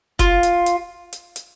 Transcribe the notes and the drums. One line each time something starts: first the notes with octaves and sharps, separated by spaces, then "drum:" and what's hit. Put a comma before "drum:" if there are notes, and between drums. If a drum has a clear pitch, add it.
F4, drum: kick F1, hi-hat
drum: hi-hat
drum: hi-hat
drum: hi-hat
drum: hi-hat